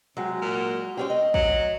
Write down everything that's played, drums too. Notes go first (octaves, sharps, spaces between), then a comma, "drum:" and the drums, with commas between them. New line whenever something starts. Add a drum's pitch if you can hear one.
C3 F#3 G#3
A#2
G#3 C4 C#4 G4
D#5
F#3, drum: kick